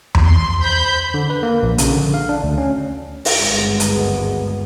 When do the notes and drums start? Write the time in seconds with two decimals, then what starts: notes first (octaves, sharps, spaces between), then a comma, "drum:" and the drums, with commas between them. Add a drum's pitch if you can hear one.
0.15 drum: tom E2
0.25 C6
0.62 C5 B5 G6
1.14 D3
1.30 B4
1.43 A#3
1.63 A#1
1.78 C#3, drum: hi-hat
1.92 D3
2.14 F5
2.29 D4
2.44 D2
2.58 C#4
3.25 drum: open hi-hat
3.41 G#1 D2 G2 G#3 B3
3.80 drum: hi-hat